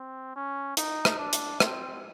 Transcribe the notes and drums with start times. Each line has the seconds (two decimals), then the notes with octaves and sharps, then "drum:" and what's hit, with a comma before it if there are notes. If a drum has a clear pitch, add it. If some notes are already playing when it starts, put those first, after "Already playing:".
Already playing: C4
0.36 C#4
0.77 D#4, drum: hi-hat
1.05 drum: rim click
1.19 D4
1.33 drum: hi-hat
1.60 C4, drum: rim click